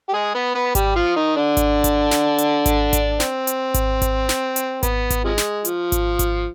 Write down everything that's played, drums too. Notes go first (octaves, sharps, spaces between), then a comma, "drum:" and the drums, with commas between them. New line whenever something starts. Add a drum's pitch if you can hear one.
G4
G#3 G#4
B3 B4
B3 B4
G3 G4, drum: kick G#1, hi-hat
F3 F4
D#3 D#4
D3 D4
drum: kick G#1, hi-hat
drum: kick G#1, hi-hat
drum: snare
drum: hi-hat
drum: kick G#1, hi-hat
drum: kick G#1, hi-hat
C4, drum: snare
drum: hi-hat
drum: kick G#1, hi-hat
drum: kick G#1, hi-hat
drum: snare
drum: hi-hat
B3, drum: kick G#1, hi-hat
drum: kick G#1, hi-hat
C3 F3 G#3
drum: snare
F3, drum: hi-hat
drum: kick G#1, hi-hat
drum: kick G#1, hi-hat